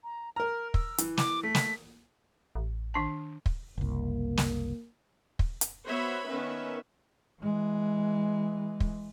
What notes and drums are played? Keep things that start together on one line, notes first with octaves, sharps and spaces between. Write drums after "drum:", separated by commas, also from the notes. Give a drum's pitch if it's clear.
A#5
A#4 A#5 F6
E6, drum: kick
E3, drum: hi-hat
D6, drum: snare
A3 B6
drum: snare
A1
D#3 D4 A5
drum: kick
F#1 C2 A#3
drum: snare
drum: kick
drum: hi-hat
B3 F#4 C5 C#5 E5 B5
D#3 B3 C#4 B4 E5
E3 G#3
drum: kick